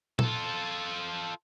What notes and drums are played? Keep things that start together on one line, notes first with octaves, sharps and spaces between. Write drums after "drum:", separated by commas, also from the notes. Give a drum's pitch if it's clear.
F4 A4, drum: tom A#2